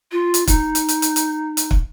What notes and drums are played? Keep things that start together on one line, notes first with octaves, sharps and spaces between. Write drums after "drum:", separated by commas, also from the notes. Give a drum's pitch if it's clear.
F4
drum: hi-hat
D#4, drum: kick, hi-hat
drum: hi-hat
drum: hi-hat
drum: hi-hat
drum: hi-hat
drum: hi-hat
drum: kick